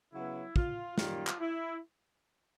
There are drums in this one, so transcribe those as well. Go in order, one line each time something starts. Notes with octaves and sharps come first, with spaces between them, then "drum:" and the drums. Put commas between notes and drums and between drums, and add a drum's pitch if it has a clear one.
C#3 F#3 B3 E4
F4, drum: kick
F#2 D#3 G3 A#3 F4, drum: snare
drum: clap
E4